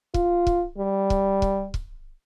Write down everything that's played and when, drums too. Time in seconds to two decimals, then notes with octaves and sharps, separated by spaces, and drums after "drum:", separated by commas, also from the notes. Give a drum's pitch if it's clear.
0.14 F4, drum: kick
0.47 drum: kick
0.78 G3
1.10 drum: kick
1.42 drum: kick
1.74 drum: kick